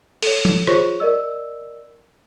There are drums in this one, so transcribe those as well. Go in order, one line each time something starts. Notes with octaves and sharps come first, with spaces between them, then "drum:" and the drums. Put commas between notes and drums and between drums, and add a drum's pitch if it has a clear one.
A4 C#5, drum: open hi-hat
drum: tom F3
F4 G#4 C5 C#5 C#6 A#6, drum: rim click
A#4 D5 D#5 E6